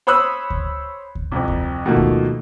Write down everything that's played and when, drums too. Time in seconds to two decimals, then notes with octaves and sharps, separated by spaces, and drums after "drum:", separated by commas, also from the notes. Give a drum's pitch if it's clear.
0.07 C5 C#5 B5 D#6 E6 F#6
0.50 drum: kick D2
1.15 drum: kick D2
1.32 C2 F2
1.48 drum: kick D2
1.86 B2 D#3 F3 A3 A#3
1.97 drum: kick D2